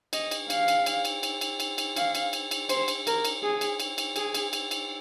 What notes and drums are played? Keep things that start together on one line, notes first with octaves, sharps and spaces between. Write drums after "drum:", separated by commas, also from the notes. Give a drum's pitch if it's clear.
D#5, drum: cymbal
drum: cymbal
F5, drum: cymbal
drum: cymbal
drum: cymbal
drum: cymbal
drum: cymbal
drum: cymbal
drum: cymbal
drum: cymbal
F5, drum: cymbal
drum: cymbal
drum: cymbal
drum: cymbal
C5, drum: cymbal
drum: cymbal
A#4, drum: cymbal
drum: cymbal
G#4
drum: cymbal
drum: cymbal
drum: cymbal
G#4, drum: cymbal
drum: cymbal
drum: cymbal
drum: cymbal